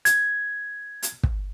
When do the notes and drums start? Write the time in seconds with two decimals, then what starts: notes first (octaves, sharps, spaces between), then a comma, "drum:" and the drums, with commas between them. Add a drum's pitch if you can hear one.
0.05 G#6, drum: hi-hat
1.03 drum: hi-hat
1.23 drum: kick